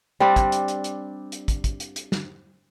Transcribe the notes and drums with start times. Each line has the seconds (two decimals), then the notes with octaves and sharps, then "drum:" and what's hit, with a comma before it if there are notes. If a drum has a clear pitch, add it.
0.20 G3 C4 D4
0.36 drum: kick, hi-hat
0.52 drum: hi-hat
0.68 drum: hi-hat
0.84 drum: hi-hat
1.32 drum: hi-hat
1.48 drum: kick, hi-hat
1.64 drum: kick, hi-hat
1.80 drum: hi-hat
1.96 drum: hi-hat
2.12 drum: snare